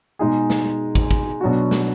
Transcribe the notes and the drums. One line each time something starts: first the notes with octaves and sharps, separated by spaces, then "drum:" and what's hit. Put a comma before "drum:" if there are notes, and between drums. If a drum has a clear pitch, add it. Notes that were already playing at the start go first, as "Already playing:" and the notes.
B2 G#3 D#4 G#4
drum: snare
drum: kick
drum: kick
B2 F#3 D4 F#4
drum: snare